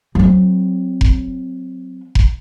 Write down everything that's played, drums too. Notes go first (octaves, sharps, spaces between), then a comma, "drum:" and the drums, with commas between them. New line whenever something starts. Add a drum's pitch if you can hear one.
F#3 C4
drum: kick F1
drum: kick F1